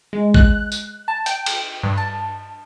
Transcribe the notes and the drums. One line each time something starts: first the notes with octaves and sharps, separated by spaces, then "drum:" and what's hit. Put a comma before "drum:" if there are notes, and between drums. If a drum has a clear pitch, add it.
G#3
F#6, drum: kick
drum: tambourine
A5
G5, drum: hi-hat
drum: cymbal
G2
A5